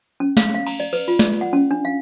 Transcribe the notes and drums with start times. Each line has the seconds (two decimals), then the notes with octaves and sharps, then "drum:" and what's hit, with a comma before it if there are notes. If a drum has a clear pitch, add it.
0.20 C#4
0.37 F5, drum: snare
0.54 F5
0.67 A#5, drum: cymbal
0.80 D5, drum: cymbal
0.93 B4, drum: cymbal
1.08 F4, drum: cymbal
1.19 D5, drum: snare
1.41 F#5
1.53 C#4
1.71 D4
1.85 F5